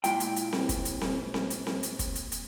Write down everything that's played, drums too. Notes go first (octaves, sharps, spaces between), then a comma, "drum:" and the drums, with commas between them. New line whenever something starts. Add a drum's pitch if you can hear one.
A#2 G#3 E4 F4 F5 G5, drum: hi-hat
drum: hi-hat
drum: hi-hat
drum: snare C4
drum: kick, hi-hat
drum: hi-hat
drum: snare C4
drum: snare C4
drum: hi-hat
drum: snare C4
drum: hi-hat
drum: kick, hi-hat
drum: hi-hat
drum: hi-hat